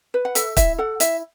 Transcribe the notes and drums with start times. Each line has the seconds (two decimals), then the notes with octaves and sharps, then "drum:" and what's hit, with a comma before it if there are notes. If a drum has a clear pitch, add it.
0.14 B4
0.25 F#5
0.35 A4 E5, drum: hi-hat
0.57 E4 E5, drum: kick, hi-hat
0.78 A4 F#5
1.00 E4 E5, drum: hi-hat